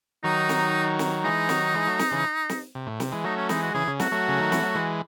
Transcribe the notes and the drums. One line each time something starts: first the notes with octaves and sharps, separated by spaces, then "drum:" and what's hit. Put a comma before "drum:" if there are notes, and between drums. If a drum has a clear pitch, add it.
D#3 F#3 D#4
drum: snare
drum: snare
E3 G#3 D#4
D#3 F#3, drum: snare
E3 G#3
F#3 A3
drum: snare
C#3 E3
drum: snare
C3
A2
C3, drum: snare
E3 G#3
F#3 A3 D#4
C#4
E3 G#3 D#4, drum: snare
F#4
C#3 E3 G#4
C#3
F#3 A3 F#4, drum: snare
F#3 A3
C#3
D#3
E3, drum: snare
F#3
E3 G#3